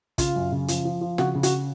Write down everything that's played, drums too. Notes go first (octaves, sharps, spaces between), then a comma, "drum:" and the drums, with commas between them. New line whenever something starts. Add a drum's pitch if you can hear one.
C#3 F4 F5, drum: kick, hi-hat
F#2
C#3
F3, drum: hi-hat
F3
F3
C#3 F#4 F#5, drum: snare
C#3
F#4 F#5, drum: hi-hat